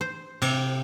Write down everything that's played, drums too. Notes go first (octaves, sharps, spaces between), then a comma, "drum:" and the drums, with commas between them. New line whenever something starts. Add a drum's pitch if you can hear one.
C5
C3, drum: cymbal